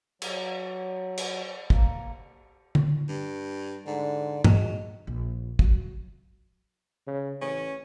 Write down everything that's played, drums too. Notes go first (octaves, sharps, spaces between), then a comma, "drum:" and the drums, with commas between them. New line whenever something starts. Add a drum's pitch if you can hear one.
F#3, drum: cymbal
drum: cymbal
A#3, drum: kick
drum: tom D3
G2
G#2 D3
F#3 G#3, drum: tom G2
A#1
F#3, drum: kick
C#3
A1 C#4